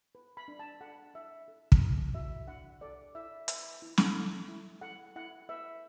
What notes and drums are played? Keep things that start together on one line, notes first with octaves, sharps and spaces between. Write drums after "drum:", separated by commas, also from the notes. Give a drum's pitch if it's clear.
B4
B5
D4
A5
A4 F#5
E4 E5
A4
drum: kick
E4
F#4 E5
D4 F#5
A4 D5
E4 E5
B4 E5, drum: hi-hat
E4
drum: snare
A4
E4
A4 F#5
E4 F#5
B4 E5